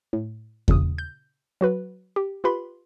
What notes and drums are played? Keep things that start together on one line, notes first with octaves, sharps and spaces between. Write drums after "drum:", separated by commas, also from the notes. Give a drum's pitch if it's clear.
A2
A#2 C#3 D#6, drum: kick E2
G6
F#3 F#4 B4
G4
F4 G4 B4 B5 C6